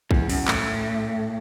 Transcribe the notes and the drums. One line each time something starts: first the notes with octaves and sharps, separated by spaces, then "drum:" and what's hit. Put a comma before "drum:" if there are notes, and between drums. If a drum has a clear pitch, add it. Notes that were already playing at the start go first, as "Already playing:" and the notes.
E2, drum: kick A#1
F#2, drum: open hi-hat
A2, drum: clap